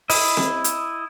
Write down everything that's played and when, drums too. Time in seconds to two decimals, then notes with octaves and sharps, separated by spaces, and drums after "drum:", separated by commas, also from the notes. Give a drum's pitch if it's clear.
0.10 E4 D#5, drum: open hi-hat
0.37 drum: snare C4
0.64 drum: hi-hat